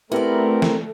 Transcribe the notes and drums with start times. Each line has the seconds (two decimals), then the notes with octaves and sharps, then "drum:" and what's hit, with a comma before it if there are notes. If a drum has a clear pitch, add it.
0.12 A3 B3 C4 E4 G4 A4 A#4 D5
0.62 drum: snare